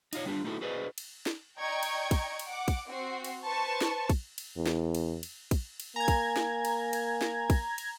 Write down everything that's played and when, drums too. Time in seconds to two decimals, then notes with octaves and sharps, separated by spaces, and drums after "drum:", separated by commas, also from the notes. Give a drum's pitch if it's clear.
0.13 D#4 F4 C#5, drum: cymbal
0.26 G3 D4 F4 G4
0.44 A3 D#4 E4 F#4 A4
0.61 F#4 G#4 B4 C5 D5 D#5
0.98 drum: cymbal
1.26 drum: snare
1.59 D5 D#5 G5 A#5 C#6 G#6
1.83 drum: cymbal
2.11 drum: kick, cymbal
2.39 drum: cymbal
2.49 F#5 D6
2.68 drum: kick, cymbal
2.89 C4 F#4 C7
3.24 drum: cymbal
3.45 B4 C5 A5 C#6
3.81 drum: snare
4.10 drum: kick, cymbal
4.38 drum: cymbal
4.57 E2
4.66 drum: snare
4.95 drum: cymbal
5.23 drum: cymbal
5.51 drum: kick, cymbal
5.80 drum: cymbal
5.96 A#3 G#5 A#5 G#6
6.08 drum: kick, cymbal
6.36 drum: snare
6.65 drum: cymbal
6.93 drum: cymbal
7.21 drum: snare
7.50 drum: kick, cymbal
7.78 drum: cymbal